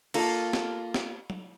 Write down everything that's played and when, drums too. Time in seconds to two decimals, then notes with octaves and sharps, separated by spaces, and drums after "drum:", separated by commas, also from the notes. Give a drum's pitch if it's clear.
0.14 A#3 F4 A4, drum: cymbal
0.53 drum: snare
0.94 drum: snare
1.30 drum: tom